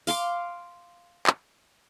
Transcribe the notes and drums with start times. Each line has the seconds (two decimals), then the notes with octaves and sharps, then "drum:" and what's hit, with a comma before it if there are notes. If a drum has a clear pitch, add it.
0.07 F5 C6 D6, drum: open hi-hat
1.27 drum: clap